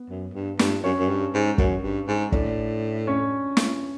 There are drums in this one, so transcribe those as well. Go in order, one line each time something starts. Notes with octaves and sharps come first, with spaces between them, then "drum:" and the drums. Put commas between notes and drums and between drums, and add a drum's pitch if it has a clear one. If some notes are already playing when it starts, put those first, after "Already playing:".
Already playing: B3
F#2
G2
G2, drum: snare
F#2 C#4 C#5
F#2
G2
G#2
F#2, drum: kick
G2
G#2
A2 D4 D5, drum: kick
C#4 C#5
drum: snare